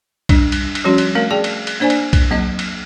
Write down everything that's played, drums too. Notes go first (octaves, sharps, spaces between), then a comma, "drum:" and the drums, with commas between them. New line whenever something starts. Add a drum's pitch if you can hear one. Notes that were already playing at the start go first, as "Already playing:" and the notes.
G3 D4, drum: kick B1, cymbal
drum: cymbal
drum: cymbal
F3 G3 C#4 F#4 C6
drum: cymbal
A3 C4 A#4 F5
G#4 D5 G5 A5
drum: cymbal
drum: cymbal
A#3 D4 C5 D5 G#5
drum: cymbal
drum: kick B1, cymbal
F#3 A#3 C4 D#5
drum: cymbal